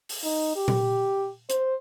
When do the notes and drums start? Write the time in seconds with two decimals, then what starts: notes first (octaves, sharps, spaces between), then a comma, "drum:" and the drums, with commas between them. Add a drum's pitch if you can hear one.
0.09 drum: open hi-hat
0.24 D#4
0.56 G4
0.68 drum: tom A#2
1.50 C5, drum: hi-hat